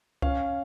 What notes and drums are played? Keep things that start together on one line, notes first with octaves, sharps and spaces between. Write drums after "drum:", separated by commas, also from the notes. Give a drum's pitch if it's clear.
C#4 F5, drum: kick C2